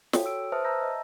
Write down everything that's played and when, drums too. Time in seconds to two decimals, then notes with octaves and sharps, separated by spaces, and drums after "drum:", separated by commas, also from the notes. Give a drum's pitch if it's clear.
0.13 F#4 A4 C#5 G5, drum: snare
0.26 E6 D7
0.52 B4 C5 E5 A5 D#6 F6
0.65 E5 A5 A#5 E6 G6 A#6
0.82 D#5